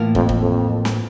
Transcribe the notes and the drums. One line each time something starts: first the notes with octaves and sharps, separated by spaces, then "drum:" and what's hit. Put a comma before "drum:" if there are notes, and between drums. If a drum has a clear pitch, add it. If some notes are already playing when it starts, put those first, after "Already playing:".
Already playing: A2 E3 A#3 F4 A#4
F2, drum: kick
drum: kick
F2
drum: snare